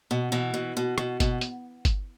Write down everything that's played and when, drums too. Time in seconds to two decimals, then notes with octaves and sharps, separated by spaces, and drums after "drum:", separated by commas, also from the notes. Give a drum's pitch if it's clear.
0.11 B2
0.32 B2 E3
0.54 B2
0.77 B2
0.98 B2, drum: rim click
1.20 B2, drum: kick G1, hi-hat
1.41 drum: hi-hat
1.85 drum: kick G1, hi-hat